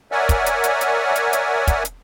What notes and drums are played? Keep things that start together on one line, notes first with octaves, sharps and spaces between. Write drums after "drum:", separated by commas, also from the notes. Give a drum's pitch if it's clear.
A#4 C#5 D5 E5 F#5 G#5
drum: kick, hi-hat
drum: hi-hat
drum: hi-hat
drum: hi-hat
drum: hi-hat
drum: hi-hat
drum: kick, hi-hat
drum: hi-hat